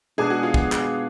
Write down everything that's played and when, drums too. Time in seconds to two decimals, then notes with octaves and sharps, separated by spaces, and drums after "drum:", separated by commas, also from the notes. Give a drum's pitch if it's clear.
0.18 B2 G#3 B3 D4 G#4
0.30 F#4
0.43 F4
0.54 drum: kick
0.72 drum: clap